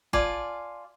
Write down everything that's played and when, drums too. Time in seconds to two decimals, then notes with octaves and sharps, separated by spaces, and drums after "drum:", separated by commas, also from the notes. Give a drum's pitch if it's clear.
0.13 F4 D5 G#5 A5, drum: kick